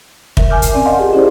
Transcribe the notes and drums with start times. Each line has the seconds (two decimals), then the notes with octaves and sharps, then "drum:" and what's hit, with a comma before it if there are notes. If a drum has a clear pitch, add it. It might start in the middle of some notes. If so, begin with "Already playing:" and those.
0.37 A#4 E5, drum: kick
0.50 G#5 A5 D6 F6 G6
0.62 drum: hi-hat
0.73 C4 C#4 D5
0.85 D#5 F5 F#5 A5 C6
0.99 F4 G4 G#4
1.13 C#4 E4 F4 G#4 C5 D5